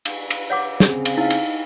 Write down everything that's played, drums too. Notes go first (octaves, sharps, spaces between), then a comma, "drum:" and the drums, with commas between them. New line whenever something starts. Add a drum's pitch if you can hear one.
drum: cymbal
drum: cymbal
C#5 F#5 D6
C#3 C4 G#4, drum: snare
drum: cymbal
D#4 E4 F5
drum: cymbal